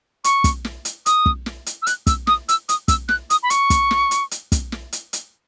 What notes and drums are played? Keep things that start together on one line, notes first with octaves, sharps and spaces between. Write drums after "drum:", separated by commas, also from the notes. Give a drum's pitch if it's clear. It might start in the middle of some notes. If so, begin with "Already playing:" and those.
C#6, drum: hi-hat
drum: kick, hi-hat
drum: snare
drum: hi-hat
D#6, drum: hi-hat
drum: kick
drum: snare
drum: hi-hat
E6
F#6, drum: hi-hat
E6, drum: kick, hi-hat
D#6, drum: snare
E6, drum: hi-hat
D#6, drum: hi-hat
E6, drum: kick, hi-hat
F#6, drum: snare
D#6, drum: hi-hat
B5
C#6, drum: hi-hat
drum: kick, hi-hat
drum: snare
drum: hi-hat
drum: hi-hat
drum: kick, hi-hat
drum: snare
drum: hi-hat
drum: hi-hat